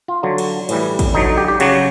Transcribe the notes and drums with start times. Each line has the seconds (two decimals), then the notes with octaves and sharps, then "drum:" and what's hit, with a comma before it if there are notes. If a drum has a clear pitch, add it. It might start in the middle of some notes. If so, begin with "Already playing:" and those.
0.08 F4
0.23 D3 F#3
0.38 drum: cymbal
0.69 A2 E3 G3, drum: cymbal
0.99 drum: kick, cymbal
1.14 D3 F#3 D#4
1.26 D#4
1.37 G4
1.48 G4
1.60 C#3 F#3 F#4, drum: cymbal